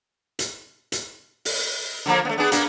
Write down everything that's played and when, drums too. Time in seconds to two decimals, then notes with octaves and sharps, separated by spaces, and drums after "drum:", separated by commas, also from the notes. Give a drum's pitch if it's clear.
0.39 drum: hi-hat
0.92 drum: hi-hat
1.45 drum: open hi-hat
2.06 D3 F3 A#3
2.25 A3 B3
2.38 B3 D4 G#4
2.52 A#3 B3 D4, drum: hi-hat